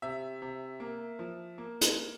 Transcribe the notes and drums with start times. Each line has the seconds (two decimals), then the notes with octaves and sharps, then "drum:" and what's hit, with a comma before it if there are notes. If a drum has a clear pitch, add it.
0.02 C3 E5
0.42 C3
0.80 A#3
1.19 F3
1.58 A#3
1.81 drum: hi-hat